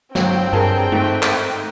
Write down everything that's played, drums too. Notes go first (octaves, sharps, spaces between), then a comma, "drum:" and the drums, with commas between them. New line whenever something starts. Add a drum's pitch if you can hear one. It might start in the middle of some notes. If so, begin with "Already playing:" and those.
G1 F#3 C4 G5, drum: snare
G2 G#4 A#4 A5
G#2 D#3 A3
drum: clap